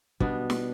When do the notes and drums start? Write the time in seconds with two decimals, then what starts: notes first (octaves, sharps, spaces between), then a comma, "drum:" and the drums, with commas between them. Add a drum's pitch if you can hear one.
0.20 B2 G3 B3 D4, drum: kick
0.50 drum: snare